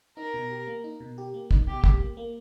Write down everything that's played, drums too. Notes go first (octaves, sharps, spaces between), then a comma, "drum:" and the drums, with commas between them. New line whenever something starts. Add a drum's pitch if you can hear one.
D#4 A#4
B2
G4
A#3
D#4
B2
G4
A#3
D#4, drum: kick
B2 G4
G4, drum: kick
A#3
A#3